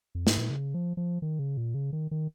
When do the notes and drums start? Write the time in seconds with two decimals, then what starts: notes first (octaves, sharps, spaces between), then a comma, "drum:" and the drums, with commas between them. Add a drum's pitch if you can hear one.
0.15 F2
0.27 G#2, drum: snare
0.38 A#2
0.50 C#3
0.74 F3
0.97 F3
1.22 D#3
1.39 C#3
1.57 A#2
1.74 C#3
1.93 D#3
2.11 D#3